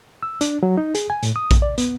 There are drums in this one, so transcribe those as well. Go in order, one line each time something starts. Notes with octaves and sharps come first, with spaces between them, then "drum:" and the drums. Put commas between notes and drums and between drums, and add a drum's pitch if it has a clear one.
E6
D4, drum: hi-hat
F#3
D#4
G#4, drum: hi-hat
G#5
A2, drum: hi-hat
D#6
drum: kick A#1, hi-hat
D5
B3, drum: hi-hat